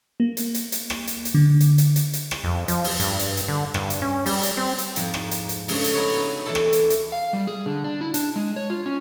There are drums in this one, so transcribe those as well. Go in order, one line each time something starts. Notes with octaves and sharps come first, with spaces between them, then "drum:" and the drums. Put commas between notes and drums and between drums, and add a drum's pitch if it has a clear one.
A#3
drum: hi-hat
drum: hi-hat
drum: hi-hat
drum: rim click
drum: hi-hat
drum: hi-hat
D3
drum: hi-hat
drum: hi-hat
drum: hi-hat
drum: hi-hat
drum: rim click
F2
F3, drum: hi-hat
drum: open hi-hat
G2, drum: hi-hat
drum: hi-hat
drum: hi-hat
D3
G2, drum: rim click
drum: hi-hat
C#4
G3, drum: open hi-hat
drum: hi-hat
C4
drum: hi-hat
F2 G#2 F3, drum: hi-hat
drum: rim click
drum: hi-hat
drum: hi-hat
C#3 G#3 A3 C#4 D4, drum: open hi-hat
drum: hi-hat
E4 F#4 G#4 A#4 B4 C#5
B3 D#4 B4
E3 A3 D4 E4 A4
drum: rim click
drum: hi-hat
drum: hi-hat
F5
G3
G#4
D3
D4
E4
D4, drum: hi-hat
G#3
C#5
F4
C#4